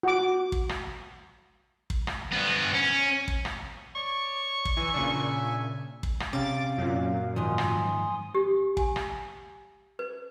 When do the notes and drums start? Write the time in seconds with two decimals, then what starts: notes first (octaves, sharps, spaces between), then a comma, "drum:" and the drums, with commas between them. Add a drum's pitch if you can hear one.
0.03 F#4 D6
0.52 drum: kick
0.69 drum: rim click
1.90 drum: kick
2.07 drum: rim click
2.32 G2 B3
2.74 C#4
3.28 drum: kick
3.45 drum: rim click
3.96 C#5 D5 C#6
4.65 drum: kick
4.77 E3 E5 G#5
4.94 A#2 C#3 D4
6.03 drum: kick
6.20 drum: rim click
6.33 C3 C#4 F5 D6 A6
6.78 F#2 A#2
7.36 G#2 D#3 F3 G#5 C6 D#6
7.58 drum: rim click
8.35 G4
8.77 G#5, drum: kick
8.96 drum: rim click
9.99 B4